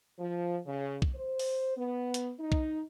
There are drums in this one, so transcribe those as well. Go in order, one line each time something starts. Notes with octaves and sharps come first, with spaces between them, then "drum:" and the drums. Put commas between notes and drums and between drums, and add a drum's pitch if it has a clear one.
F3
C#3
drum: kick
C5
drum: open hi-hat
B3
drum: hi-hat
D#4
drum: kick